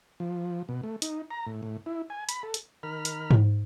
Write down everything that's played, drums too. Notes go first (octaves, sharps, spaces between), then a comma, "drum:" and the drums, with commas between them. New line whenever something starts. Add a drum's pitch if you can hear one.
F3
B2
A3
D#4, drum: hi-hat
A#5
A2
A2
E4
G#5
B5, drum: hi-hat
A4
drum: hi-hat
D#3 A#4 B5 F6
drum: hi-hat
drum: tom G#2